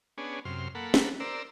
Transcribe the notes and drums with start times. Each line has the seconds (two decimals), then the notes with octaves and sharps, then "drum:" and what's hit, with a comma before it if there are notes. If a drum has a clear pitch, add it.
0.18 B3 C#4 D4 G#4
0.45 F#2 C3 C6 F6
0.75 A#3 A4 F#5 B5
0.94 drum: snare
1.20 A#4 C5 D5 E6